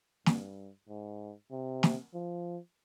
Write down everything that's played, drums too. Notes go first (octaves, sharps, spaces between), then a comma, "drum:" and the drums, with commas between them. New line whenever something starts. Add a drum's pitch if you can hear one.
G2, drum: snare
G#2
C3
drum: snare
F3